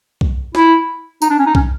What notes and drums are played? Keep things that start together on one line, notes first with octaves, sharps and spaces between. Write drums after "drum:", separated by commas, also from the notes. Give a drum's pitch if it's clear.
drum: kick B1
E4, drum: snare
D#4, drum: tambourine
D4
C#4
D#4
C#4, drum: kick B1